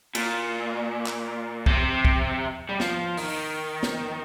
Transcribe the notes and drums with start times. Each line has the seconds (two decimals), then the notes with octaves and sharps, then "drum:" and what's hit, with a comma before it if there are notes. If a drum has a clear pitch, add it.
0.15 A#2, drum: cymbal
1.06 drum: clap
1.66 C3, drum: kick C2
2.05 drum: kick C2
2.69 G3
2.80 F3, drum: snare B3
3.17 D#3, drum: open hi-hat
3.83 drum: snare B3